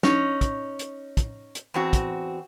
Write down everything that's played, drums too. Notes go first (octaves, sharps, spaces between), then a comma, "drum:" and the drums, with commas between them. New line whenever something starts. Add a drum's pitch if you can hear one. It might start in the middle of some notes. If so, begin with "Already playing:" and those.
C#4 D#4, drum: snare
drum: kick, hi-hat
drum: hi-hat
drum: kick, hi-hat
drum: hi-hat
E2 C4 F#4
drum: kick, hi-hat